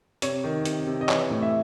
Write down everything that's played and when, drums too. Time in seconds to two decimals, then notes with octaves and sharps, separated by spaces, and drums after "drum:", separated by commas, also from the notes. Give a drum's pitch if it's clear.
0.22 C3 C#5, drum: hi-hat
0.44 D#3
0.65 C3, drum: hi-hat
0.87 C3
1.01 D#5
1.09 E3 C#5, drum: clap
1.30 A2
1.42 E5